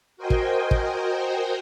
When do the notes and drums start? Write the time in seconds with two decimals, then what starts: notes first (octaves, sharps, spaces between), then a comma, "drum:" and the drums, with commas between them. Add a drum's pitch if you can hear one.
0.17 F#4 A#4 C5 D#5 G5 G#5
0.30 drum: kick
0.71 drum: kick